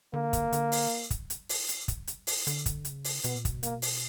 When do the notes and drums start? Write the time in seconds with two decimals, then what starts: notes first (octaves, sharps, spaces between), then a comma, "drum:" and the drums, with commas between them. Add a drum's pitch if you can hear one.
0.13 D3 A#3
0.33 drum: kick, hi-hat
0.53 D3, drum: hi-hat
0.72 drum: open hi-hat
1.10 drum: kick, hi-hat
1.30 drum: hi-hat
1.49 drum: open hi-hat
1.69 drum: hi-hat
1.88 drum: kick, hi-hat
2.07 drum: hi-hat
2.27 drum: open hi-hat
2.47 D3, drum: hi-hat
2.66 drum: kick, hi-hat
2.85 C#3, drum: hi-hat
3.04 drum: open hi-hat
3.24 B2 B3, drum: hi-hat
3.35 A#2
3.45 B2, drum: kick, hi-hat
3.63 A#3, drum: hi-hat
3.82 drum: open hi-hat